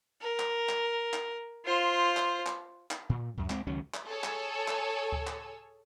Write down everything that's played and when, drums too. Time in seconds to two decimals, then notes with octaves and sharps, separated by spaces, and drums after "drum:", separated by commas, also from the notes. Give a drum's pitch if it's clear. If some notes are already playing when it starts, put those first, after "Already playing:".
0.21 A#4
0.39 drum: clap
0.69 drum: clap
1.13 drum: clap
1.65 F4 C5
2.17 drum: clap
2.46 drum: clap
2.91 drum: clap
3.09 A#2
3.38 F#2, drum: kick D2
3.50 G#3 C4, drum: clap
3.67 C#2 D#3 F#3 C#4
3.94 drum: clap
4.05 G#4 A4 C#5 G#5 E6
4.24 drum: clap
4.68 drum: clap
5.12 drum: kick D2
5.27 drum: clap